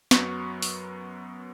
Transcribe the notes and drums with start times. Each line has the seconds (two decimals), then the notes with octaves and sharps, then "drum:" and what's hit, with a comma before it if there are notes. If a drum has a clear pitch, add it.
0.11 F#2 F#3 B3 C#6, drum: snare
0.62 drum: open hi-hat